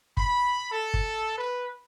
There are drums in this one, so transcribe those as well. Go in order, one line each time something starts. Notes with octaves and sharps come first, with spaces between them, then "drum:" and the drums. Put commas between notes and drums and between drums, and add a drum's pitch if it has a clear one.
B5, drum: kick
A4
drum: kick
B4